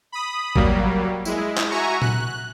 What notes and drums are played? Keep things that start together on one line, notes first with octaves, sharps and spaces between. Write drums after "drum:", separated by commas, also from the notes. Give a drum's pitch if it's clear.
B5 D#6
F#3 G3 A#3, drum: kick G#1
G#3 E4, drum: tambourine
drum: clap
F#4 E5 G#5 A#5 C#6
F#6, drum: tom A#2